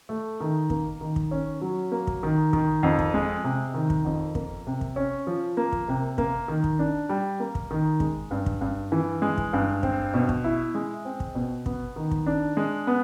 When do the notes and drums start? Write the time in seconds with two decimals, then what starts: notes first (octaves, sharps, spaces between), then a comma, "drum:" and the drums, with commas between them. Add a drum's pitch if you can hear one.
0.09 A3
0.40 D#3
0.70 A#3, drum: kick
1.01 D#3
1.16 drum: kick
1.31 C#4
1.61 F#3
1.92 A#3
2.07 drum: kick
2.23 D#3
2.53 D#3, drum: kick
2.83 F2
2.99 drum: kick
3.14 G#3
3.44 C3
3.74 D#3
3.90 drum: kick
4.05 F2
4.35 A#3, drum: kick
4.67 C3
4.81 drum: kick
4.96 C#4
5.27 F3
5.57 A#3
5.72 drum: kick
5.88 C3
6.18 A#3, drum: kick
6.48 D#3
6.64 drum: kick
6.79 D4
7.09 G3
7.40 A#3
7.55 drum: kick
7.71 D#3
8.00 G#3, drum: kick
8.31 G2
8.46 drum: kick
8.61 G2
8.92 E3
9.22 G#3
9.38 drum: kick
9.53 G2
9.83 C4, drum: kick
10.14 B2
10.29 drum: kick
10.44 E4
10.75 G#3
11.05 C4
11.20 drum: kick
11.35 B2
11.66 B3, drum: kick
11.96 D#3
12.11 drum: kick
12.26 D4
12.57 G#3
12.87 B3